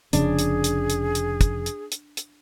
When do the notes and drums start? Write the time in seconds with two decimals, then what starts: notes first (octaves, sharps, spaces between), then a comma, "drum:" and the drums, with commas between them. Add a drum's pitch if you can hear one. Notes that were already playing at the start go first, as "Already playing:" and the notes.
0.13 F1 C#3 F3 D4 G#4, drum: hi-hat
0.39 drum: hi-hat
0.64 drum: hi-hat
0.90 drum: hi-hat
1.15 drum: hi-hat
1.41 drum: kick, hi-hat
1.66 drum: hi-hat
1.92 drum: hi-hat
2.17 drum: hi-hat